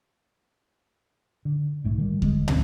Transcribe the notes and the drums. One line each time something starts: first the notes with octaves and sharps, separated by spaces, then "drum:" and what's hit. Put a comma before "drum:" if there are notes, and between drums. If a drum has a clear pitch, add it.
D3
A#1 G#2 A3
A2 D#3 F3 G3
D3 G#3, drum: kick D#2
D#2 E3 C4 C#4, drum: tom